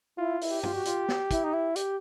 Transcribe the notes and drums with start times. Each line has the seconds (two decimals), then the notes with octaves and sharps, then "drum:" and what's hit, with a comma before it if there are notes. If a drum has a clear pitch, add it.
0.18 E4 F4
0.41 E4, drum: open hi-hat
0.52 G4
0.63 F4, drum: tom G2
0.75 F#4
0.85 F4, drum: hi-hat
1.08 drum: snare
1.31 E4, drum: kick, hi-hat
1.44 D#4
1.53 E4
1.76 G4, drum: hi-hat